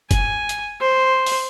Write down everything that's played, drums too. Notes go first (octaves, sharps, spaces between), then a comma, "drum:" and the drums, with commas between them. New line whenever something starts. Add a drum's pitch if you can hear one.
G#5, drum: kick F1, hi-hat
drum: hi-hat
C5
drum: open hi-hat